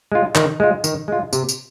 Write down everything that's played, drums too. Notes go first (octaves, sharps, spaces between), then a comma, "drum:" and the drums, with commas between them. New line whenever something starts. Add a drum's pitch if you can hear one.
G#3 F4
D#3, drum: clap
G#3 F4
D#3, drum: tambourine
G#3 F4
C3, drum: tambourine
drum: tambourine